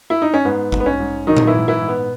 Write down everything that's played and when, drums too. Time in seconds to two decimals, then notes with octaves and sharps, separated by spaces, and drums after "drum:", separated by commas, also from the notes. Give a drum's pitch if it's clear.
0.10 E4
0.22 D#4
0.34 C#4
0.45 G#2 B3
0.72 G#2, drum: kick
0.80 B3
0.86 C#4
1.00 G#2
1.27 D#3 F#3 D#4
1.37 drum: tom A#2
1.47 E3 E4
1.55 G#2
1.68 E3 E4
1.82 G#2
1.88 B3